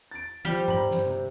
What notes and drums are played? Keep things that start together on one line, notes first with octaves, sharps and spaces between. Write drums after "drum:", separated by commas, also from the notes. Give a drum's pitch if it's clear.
A6 D7
F3 G3 G4 C5
A#5 B5 F#7, drum: tom G2
drum: snare
C3